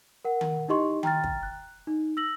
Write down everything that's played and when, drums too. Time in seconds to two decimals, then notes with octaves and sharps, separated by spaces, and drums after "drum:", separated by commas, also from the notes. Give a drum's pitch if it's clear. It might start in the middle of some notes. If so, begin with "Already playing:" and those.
0.25 A#4 F#5
0.41 drum: tom D#3
0.68 D#4 E4 G4 D#5 C6 C#6
1.03 G5 A#5 F6 A6, drum: tom D#3
1.24 drum: kick
1.43 F#6
1.87 D#4
2.17 E6 A#6 F#7